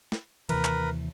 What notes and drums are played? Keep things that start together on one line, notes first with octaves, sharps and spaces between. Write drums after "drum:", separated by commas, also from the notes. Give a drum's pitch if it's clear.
drum: snare
D#2 C3 E3 A#4 B4, drum: cymbal
drum: clap